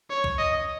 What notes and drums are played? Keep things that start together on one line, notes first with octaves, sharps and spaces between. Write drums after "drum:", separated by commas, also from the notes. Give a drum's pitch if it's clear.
C#5
drum: kick C2
D#5